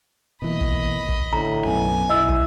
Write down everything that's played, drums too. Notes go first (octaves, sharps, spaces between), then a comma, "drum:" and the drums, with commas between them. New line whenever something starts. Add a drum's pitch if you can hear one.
B2 E3 A#3 D#5 B5
drum: kick
drum: kick
A2 D3 A#5
B1 F#2 B3 G#5
B1 E4 D#5 E6
drum: kick